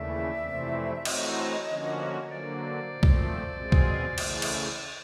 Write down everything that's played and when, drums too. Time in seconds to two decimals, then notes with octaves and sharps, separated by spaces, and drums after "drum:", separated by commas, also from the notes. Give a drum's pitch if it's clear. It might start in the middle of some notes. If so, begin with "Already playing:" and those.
Already playing: D#2 C#3 E3 A3 D5 E5
0.43 F2 C3 E3 A3 C4
0.96 E5
1.05 E3 A3 C4 D#4 F#4 C#5 D#5, drum: cymbal
1.68 D3 F3 A#3 C#4 F#4
2.30 D3 F#3 A#3 C5 D5
2.93 A#2 F3 A3 C4
3.03 drum: kick B1
3.56 B2 G#3 C4 F4 G#4
3.72 drum: kick B1
4.18 C#3 E3 A3, drum: cymbal
4.42 drum: cymbal